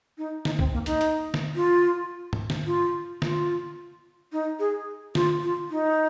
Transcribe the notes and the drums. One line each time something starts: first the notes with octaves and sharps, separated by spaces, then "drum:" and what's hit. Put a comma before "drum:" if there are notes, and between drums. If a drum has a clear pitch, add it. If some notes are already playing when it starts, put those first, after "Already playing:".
D#4
D#4, drum: snare
C4, drum: kick B1
A#3
D#4, drum: hi-hat
drum: hi-hat
drum: snare
F4
drum: tom G#2
drum: snare
F4
F4, drum: snare
D#4
G#4
F4, drum: snare
F4
D#4